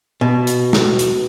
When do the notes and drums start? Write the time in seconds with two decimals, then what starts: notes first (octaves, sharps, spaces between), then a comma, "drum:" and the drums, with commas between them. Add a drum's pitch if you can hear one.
0.21 B2
0.47 drum: hi-hat
0.73 drum: snare
0.99 drum: hi-hat